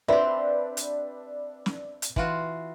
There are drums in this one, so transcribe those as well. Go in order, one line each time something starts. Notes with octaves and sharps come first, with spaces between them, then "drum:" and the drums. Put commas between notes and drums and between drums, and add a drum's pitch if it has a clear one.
C4 D4 G4 B4 E5
drum: hi-hat
drum: snare
drum: hi-hat
E3 F4 F#4, drum: kick